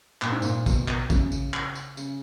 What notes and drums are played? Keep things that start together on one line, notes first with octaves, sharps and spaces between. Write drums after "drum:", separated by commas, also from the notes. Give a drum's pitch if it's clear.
A#2, drum: clap
G#2
A#2, drum: tambourine
B2, drum: kick, tambourine
drum: clap
C#3, drum: kick, tambourine
drum: tambourine
drum: clap
drum: tambourine
C#3, drum: tambourine